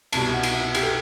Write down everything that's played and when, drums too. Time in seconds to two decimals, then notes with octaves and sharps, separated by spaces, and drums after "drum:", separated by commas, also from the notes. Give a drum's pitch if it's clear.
0.13 C2 B2 G3 A5, drum: cymbal
0.33 F#5
0.43 drum: cymbal
0.54 E5
0.75 G4, drum: cymbal
0.82 A4